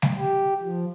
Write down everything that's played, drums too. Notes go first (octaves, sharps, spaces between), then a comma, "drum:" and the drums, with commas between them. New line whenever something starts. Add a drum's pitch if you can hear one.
drum: snare G3
G4
F3